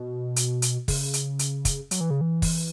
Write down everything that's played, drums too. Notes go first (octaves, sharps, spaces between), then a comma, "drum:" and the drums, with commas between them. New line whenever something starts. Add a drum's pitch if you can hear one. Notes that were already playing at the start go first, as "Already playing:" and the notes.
Already playing: B2
drum: hi-hat
drum: hi-hat
C#3, drum: kick, open hi-hat
drum: hi-hat
drum: hi-hat
drum: kick, hi-hat
F#3, drum: hi-hat
E3
C#3
E3
drum: kick, open hi-hat